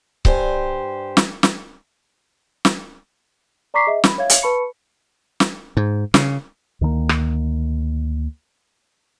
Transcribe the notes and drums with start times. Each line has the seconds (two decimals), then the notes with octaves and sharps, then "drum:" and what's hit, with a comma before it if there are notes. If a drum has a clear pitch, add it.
0.25 G2 G4 C5 G#5, drum: kick C#1
1.17 drum: snare
1.43 drum: snare
2.65 drum: snare
3.74 D5 A#5 C#6 D6 B6 C7
3.87 G#4 D#5 E5
4.04 B5, drum: snare
4.18 C#5 E5 F5 G#6
4.30 drum: hi-hat
4.43 B4 A5 B5 C#6 C#7
5.40 drum: snare
5.77 G#2
6.14 C#3, drum: snare
6.81 D2 D#3 F3 A#3
7.09 drum: rim click